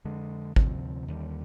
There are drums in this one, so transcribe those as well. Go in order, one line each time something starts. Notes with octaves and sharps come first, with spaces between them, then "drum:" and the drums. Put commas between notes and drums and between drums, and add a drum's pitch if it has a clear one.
F2 D3 G#3
D2 C3 F3 C4, drum: kick
D#2 D3 G3